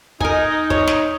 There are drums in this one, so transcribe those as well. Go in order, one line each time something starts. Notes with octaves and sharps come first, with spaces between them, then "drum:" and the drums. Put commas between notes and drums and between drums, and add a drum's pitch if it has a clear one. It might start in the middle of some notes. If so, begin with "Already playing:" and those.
D#4 A#4 G#5, drum: kick
C#5, drum: kick
drum: snare